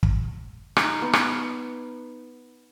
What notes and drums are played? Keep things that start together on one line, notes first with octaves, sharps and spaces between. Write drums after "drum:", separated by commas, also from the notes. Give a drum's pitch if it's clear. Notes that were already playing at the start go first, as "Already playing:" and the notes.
drum: kick
D#4, drum: rim click
B3
drum: rim click